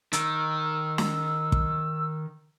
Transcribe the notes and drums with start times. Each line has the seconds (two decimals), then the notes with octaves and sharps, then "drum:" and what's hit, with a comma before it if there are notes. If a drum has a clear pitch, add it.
0.13 D#3 E6, drum: hi-hat
0.98 drum: snare
1.52 drum: kick